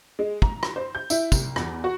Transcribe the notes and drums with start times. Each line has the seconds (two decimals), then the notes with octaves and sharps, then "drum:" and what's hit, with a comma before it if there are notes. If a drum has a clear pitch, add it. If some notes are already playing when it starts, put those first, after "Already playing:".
0.19 G#3
0.42 A#5, drum: kick
0.63 drum: rim click
0.76 C5
0.95 G6
1.10 E4, drum: tambourine
1.32 C2, drum: kick, tambourine
1.56 E2, drum: rim click
1.84 F#4